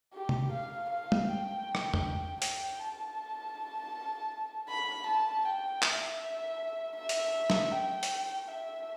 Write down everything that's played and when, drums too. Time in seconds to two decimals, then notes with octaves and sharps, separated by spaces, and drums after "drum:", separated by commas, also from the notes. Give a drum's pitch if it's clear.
0.14 G4
0.29 drum: tom
0.52 F5
0.90 F5
1.12 drum: tom
1.28 G5
1.75 drum: rim click
1.94 drum: tom
2.42 G5, drum: hi-hat
2.80 A5
4.69 B5
5.07 A5
5.45 G5
5.83 E5, drum: clap
6.97 E5
7.09 drum: hi-hat
7.50 drum: snare
7.72 G5
8.03 drum: hi-hat
8.48 E5